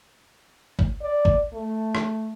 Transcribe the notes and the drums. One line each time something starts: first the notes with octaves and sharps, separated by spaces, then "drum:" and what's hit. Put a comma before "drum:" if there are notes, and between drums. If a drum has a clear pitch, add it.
drum: kick
D5
drum: kick
A3
drum: rim click